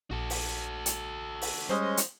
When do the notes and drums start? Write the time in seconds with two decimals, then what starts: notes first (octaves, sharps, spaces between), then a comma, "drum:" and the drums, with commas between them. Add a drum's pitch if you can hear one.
0.11 A#1 F#4 A4
0.30 drum: open hi-hat
0.86 drum: hi-hat
1.42 drum: open hi-hat
1.69 G3 G#3 C#4 C5 D#5
1.97 drum: hi-hat